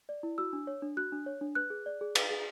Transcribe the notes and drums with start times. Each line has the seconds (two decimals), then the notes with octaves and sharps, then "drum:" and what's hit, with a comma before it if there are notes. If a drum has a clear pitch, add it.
0.09 D5
0.23 E4
0.38 F#4 E6
0.53 D4
0.67 C#5
0.82 D4
0.97 F#4 F#6
1.12 D4
1.26 C#5
1.41 D4
1.55 B4 F#6
1.70 G#4
1.86 D5
2.01 G#4
2.15 B4, drum: cymbal
2.31 G#4